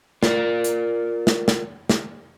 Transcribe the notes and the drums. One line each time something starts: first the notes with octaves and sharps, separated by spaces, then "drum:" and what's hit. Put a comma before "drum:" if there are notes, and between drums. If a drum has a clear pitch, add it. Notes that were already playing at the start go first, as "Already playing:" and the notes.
F4 A#4 D5, drum: snare
drum: hi-hat
drum: snare
drum: snare
drum: snare